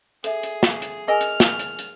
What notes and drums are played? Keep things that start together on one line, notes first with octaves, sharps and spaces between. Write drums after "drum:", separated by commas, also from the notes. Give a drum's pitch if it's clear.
G#4 A4 E5, drum: hi-hat
drum: hi-hat
drum: snare
drum: hi-hat
G#4 A#4 D#5 G#5 F6
drum: hi-hat
drum: snare
drum: hi-hat
drum: hi-hat